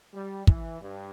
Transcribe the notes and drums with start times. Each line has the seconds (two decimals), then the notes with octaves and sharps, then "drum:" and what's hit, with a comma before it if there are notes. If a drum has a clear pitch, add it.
0.14 G3
0.47 E3, drum: kick
0.81 G2